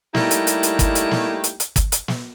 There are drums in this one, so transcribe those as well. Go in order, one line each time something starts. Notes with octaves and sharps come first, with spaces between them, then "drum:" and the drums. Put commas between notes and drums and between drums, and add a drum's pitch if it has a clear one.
G3 A3 A#3 D#4 E4 G4, drum: snare
drum: hi-hat
drum: hi-hat
drum: hi-hat
drum: kick, hi-hat
drum: hi-hat
drum: snare
drum: hi-hat
drum: hi-hat
drum: kick, hi-hat
drum: hi-hat
drum: snare